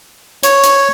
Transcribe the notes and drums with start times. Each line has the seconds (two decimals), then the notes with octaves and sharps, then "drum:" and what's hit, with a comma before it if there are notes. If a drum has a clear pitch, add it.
0.43 C#5, drum: hi-hat
0.64 drum: hi-hat